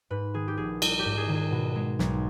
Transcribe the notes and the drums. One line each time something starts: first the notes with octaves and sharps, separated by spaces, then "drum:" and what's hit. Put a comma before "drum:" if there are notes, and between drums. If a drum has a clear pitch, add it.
G#2 B4
D#3 G#4
G4
A#1 G#4
G3, drum: cymbal
G4
G#2
G#4
D#3
G#4
B2
G#3
B1, drum: snare